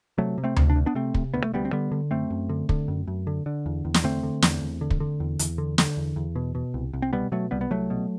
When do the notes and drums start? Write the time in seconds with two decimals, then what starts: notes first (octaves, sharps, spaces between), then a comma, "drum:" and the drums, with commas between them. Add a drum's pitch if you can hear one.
0.18 C3 F#3 A3
0.38 C3
0.44 A3 C4
0.56 D2, drum: tom D2
0.70 D4
0.76 D2
0.86 B3 D4
0.95 C3 A3 C4
1.14 C3, drum: kick
1.34 D2 B3
1.44 A3
1.54 D2 G3 B3
1.65 C4
1.72 D3 G3 B3
1.92 D3
2.11 F#2 A3 C4
2.30 F#2
2.49 D3
2.69 D3, drum: kick
2.88 F#2
3.07 F#2
3.27 D3
3.46 D3
3.66 E2
3.85 E2
3.94 drum: snare
4.04 D3 A3 C4
4.23 D3
4.42 E2, drum: snare
4.62 E2
4.81 D3
4.90 drum: kick
5.00 D3
5.20 E2
5.39 E2, drum: hi-hat
5.58 D3
5.78 D3, drum: snare
5.97 E2
6.16 E2
6.36 B2
6.55 B2
6.74 C2
6.93 C2
7.02 C4
7.13 B2 G3 B3
7.32 B2 F#3 A3
7.51 C2 G3 B3
7.61 B3
7.71 C2 F#3 A3
7.90 B2